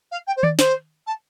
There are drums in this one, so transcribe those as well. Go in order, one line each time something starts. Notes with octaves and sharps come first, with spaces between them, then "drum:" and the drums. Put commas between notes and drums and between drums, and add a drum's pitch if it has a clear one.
F5
G5
C5
D5, drum: tom D#3
C5, drum: snare
A5